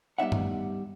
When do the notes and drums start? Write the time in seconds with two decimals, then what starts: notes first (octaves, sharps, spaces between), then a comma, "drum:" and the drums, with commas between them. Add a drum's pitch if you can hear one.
0.18 G3 B3 D#4 E5 F#5
0.32 drum: tom G2